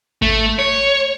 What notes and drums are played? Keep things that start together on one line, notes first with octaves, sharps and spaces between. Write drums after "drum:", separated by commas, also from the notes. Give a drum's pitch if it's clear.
A3, drum: kick G#1
C#5